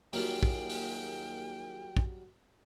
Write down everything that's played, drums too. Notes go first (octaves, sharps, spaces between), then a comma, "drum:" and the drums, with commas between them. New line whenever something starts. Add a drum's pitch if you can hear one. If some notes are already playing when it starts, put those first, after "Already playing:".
D#2 F#3 G3 A#3 F4 G#4 G5, drum: open hi-hat
drum: kick
drum: open hi-hat
drum: kick